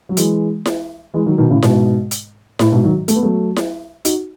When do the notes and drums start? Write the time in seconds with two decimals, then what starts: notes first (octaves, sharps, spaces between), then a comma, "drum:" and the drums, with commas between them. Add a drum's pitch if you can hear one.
0.09 F#3
0.17 E3 G#3, drum: hi-hat
0.66 drum: snare E4
1.14 E3 G#3
1.26 D#3 F#3
1.38 B2 D#3
1.50 A2 C#3
1.62 G#2 B2, drum: snare E4
2.11 drum: hi-hat
2.59 A2, drum: snare E4
2.72 G#2 B2
2.83 D#3 F#3
3.08 A3, drum: hi-hat
3.15 B3
3.23 F#3 A3
3.56 drum: snare E4
4.05 D#4 F#4, drum: hi-hat